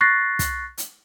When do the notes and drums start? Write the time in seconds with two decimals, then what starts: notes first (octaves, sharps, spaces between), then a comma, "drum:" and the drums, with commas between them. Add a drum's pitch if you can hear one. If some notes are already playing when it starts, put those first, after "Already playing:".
0.01 C#6 F#6 A6 A#6 C7
0.39 drum: kick, hi-hat
0.78 drum: hi-hat